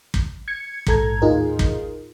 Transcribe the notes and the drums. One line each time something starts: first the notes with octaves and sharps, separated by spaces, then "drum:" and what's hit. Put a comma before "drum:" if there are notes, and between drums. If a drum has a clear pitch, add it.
drum: kick
G#6 C#7
A#1 G#2 A4 A#5 G#6, drum: kick
D#2 A2 D#4 F4 G#4 A#4
drum: kick